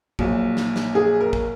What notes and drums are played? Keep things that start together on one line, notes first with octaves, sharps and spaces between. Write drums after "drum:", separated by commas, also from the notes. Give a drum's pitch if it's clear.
A#1 A#2 F#3, drum: kick
drum: snare
drum: snare
G#4
A#4
drum: kick